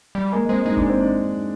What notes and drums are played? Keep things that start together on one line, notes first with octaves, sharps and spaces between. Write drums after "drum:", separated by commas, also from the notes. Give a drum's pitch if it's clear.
G3
G#3 A#3
G#3 C4
G#3 D#4
D4, drum: kick F#1
C4
D4